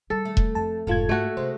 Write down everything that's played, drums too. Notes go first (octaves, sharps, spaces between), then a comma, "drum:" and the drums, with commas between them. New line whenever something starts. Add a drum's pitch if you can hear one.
D#3 G3 A4
A3
drum: kick E1
F2 A5
F1 G#2 C#4 F4 A4 G#6
A3 A#3 F#4
C3 G#3 C5